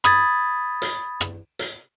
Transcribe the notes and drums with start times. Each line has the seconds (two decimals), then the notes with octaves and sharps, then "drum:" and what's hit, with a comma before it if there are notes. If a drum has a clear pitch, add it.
0.04 B5 D#6 G#6 A6, drum: rim click
0.82 drum: hi-hat
1.20 drum: rim click
1.59 drum: hi-hat